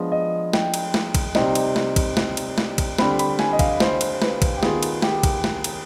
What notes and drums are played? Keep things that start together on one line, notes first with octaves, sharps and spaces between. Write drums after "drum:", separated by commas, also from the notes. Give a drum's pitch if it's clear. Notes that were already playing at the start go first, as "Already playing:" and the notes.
Already playing: F3 G#3 B3 D4 F4 D#5
D#5
G5, drum: snare
drum: cymbal
drum: snare
drum: kick, cymbal
C3 G3 C4 D#4, drum: snare
drum: cymbal
drum: snare
drum: kick, cymbal
drum: snare
drum: cymbal
drum: snare
drum: kick, cymbal
D3 G3 C4 B5, drum: snare
B5, drum: cymbal
G#5, drum: snare
D#5
F5, drum: kick, cymbal
C5, drum: snare
drum: cymbal
B4, drum: snare
drum: kick, cymbal
G4
D#3 B3 F4 G#4, drum: snare
drum: cymbal
G4, drum: snare
drum: kick, cymbal
drum: snare
drum: cymbal